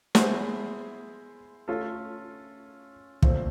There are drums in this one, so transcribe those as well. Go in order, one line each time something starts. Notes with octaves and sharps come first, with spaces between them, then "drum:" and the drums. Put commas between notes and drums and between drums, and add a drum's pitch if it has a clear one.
G#3 B3 E4 G#4 C5, drum: snare
A3 C#4 F4 A4
A#2 F3 A3 C4, drum: kick